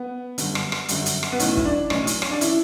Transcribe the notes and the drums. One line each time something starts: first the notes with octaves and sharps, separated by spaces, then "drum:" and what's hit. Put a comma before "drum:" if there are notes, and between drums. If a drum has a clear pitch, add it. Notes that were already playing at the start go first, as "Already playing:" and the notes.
Already playing: B3
G1 F#2 D3, drum: hi-hat
drum: rim click
drum: rim click
G1 F#2 D3, drum: hi-hat
drum: hi-hat
drum: rim click
B3
B1 A2 E3 C#4, drum: hi-hat
E4, drum: kick
D4
B1 A2 E3 C#4, drum: rim click
drum: hi-hat
C#4, drum: rim click
D4
E3 E4, drum: hi-hat